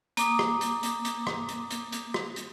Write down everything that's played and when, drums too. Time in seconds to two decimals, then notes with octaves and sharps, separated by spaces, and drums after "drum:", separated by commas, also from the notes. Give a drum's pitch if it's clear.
0.17 A#3 D6 D#6, drum: hi-hat
0.39 drum: rim click
0.61 drum: hi-hat
0.83 drum: hi-hat
1.05 drum: hi-hat
1.27 drum: rim click
1.49 drum: hi-hat
1.71 drum: hi-hat
1.92 drum: hi-hat
2.14 drum: rim click
2.36 drum: hi-hat